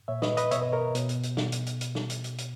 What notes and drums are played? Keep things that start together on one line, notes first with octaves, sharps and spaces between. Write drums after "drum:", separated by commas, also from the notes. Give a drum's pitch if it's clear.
A#2 C#5 E5
B4 D#5, drum: snare
B4 D#5, drum: hi-hat
B2 C#5 E5, drum: hi-hat
B4 D#5
A#4 C#5
B2, drum: hi-hat
drum: hi-hat
drum: hi-hat
B2, drum: snare
drum: hi-hat
drum: hi-hat
drum: hi-hat
drum: snare
drum: hi-hat
drum: hi-hat
drum: hi-hat